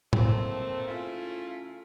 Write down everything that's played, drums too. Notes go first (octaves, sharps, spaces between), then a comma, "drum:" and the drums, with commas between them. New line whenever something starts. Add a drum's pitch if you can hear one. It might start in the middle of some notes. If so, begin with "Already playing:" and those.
D#3 F3 A3 A#3 C4, drum: tom
C#3 A3 E4 F4